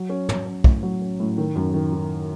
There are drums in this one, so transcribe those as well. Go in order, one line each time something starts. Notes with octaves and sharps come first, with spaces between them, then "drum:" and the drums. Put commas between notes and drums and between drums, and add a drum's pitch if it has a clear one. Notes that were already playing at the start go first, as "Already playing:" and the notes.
Already playing: F#3
C#4
C#4, drum: tom
C#4
A2, drum: kick B1
F#3
C#4
A2
D#3
F#2
D#3
D#3